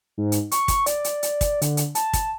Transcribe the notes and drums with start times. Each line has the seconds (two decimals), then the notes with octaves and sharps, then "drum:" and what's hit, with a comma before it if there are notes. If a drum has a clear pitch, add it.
0.18 G#2
0.32 drum: hi-hat
0.52 C#6, drum: hi-hat
0.68 drum: kick, hi-hat
0.86 D5, drum: hi-hat
1.04 drum: hi-hat
1.23 drum: hi-hat
1.41 drum: kick, hi-hat
1.62 D3, drum: hi-hat
1.77 drum: hi-hat
1.95 A5, drum: hi-hat
2.13 drum: kick, hi-hat